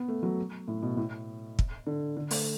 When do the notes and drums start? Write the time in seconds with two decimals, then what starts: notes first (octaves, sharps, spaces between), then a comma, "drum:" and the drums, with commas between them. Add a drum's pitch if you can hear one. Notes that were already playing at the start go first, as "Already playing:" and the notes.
Already playing: B3
0.08 A3
0.23 F#3
0.68 A2
0.83 B2
0.97 A2
1.59 drum: kick
1.87 D3
2.17 D3
2.31 A3, drum: open hi-hat